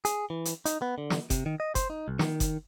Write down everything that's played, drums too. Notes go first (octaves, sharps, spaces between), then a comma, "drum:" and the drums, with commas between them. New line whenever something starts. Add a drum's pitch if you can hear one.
G#4, drum: hi-hat
E3
drum: hi-hat
D#4, drum: hi-hat
B3
D3
drum: snare
C3, drum: kick F#1, hi-hat
D#3
D#5
C5, drum: kick F#1, hi-hat
D#4
C2
D#3, drum: snare
drum: kick F#1, hi-hat